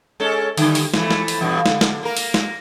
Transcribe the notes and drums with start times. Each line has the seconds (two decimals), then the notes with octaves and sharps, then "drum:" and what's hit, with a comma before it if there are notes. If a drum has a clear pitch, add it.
0.20 G#3 C#4 A4
0.57 D3 G3, drum: open hi-hat
0.75 drum: open hi-hat
0.94 F2 E3 A3, drum: snare
1.11 drum: snare
1.28 drum: open hi-hat
1.41 E2 G2 B2
1.66 D3, drum: snare
1.81 drum: snare
2.03 A#3 A#4
2.17 drum: open hi-hat
2.34 drum: snare